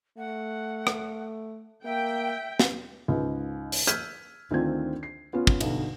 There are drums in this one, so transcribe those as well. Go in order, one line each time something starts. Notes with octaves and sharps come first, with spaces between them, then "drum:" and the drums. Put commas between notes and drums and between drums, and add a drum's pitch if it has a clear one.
A3 F#5
drum: rim click
A#3 E5 G5
drum: snare
C#2 G#2
drum: open hi-hat
E6 F6 G6 G#6 B6 D#7, drum: hi-hat
D2 D#3 C4 D4 F4 G#6
C7
B3 C#4 F4
drum: kick
B1 G2 D3, drum: cymbal